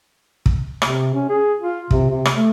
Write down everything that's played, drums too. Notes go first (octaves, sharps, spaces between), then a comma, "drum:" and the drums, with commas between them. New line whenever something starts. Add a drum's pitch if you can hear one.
drum: kick
C3, drum: rim click
C#4
G#4
F4
C3, drum: kick
C3
drum: rim click
A3